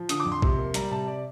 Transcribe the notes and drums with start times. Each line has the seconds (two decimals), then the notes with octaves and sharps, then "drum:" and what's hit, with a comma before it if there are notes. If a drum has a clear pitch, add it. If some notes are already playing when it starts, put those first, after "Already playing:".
Already playing: F3
0.09 D3 D#6, drum: hi-hat
0.20 D6
0.25 F2
0.32 C6
0.42 C3, drum: kick A#1
0.58 A#3
0.74 G3 A#5, drum: hi-hat
0.91 C3 A5
1.07 D5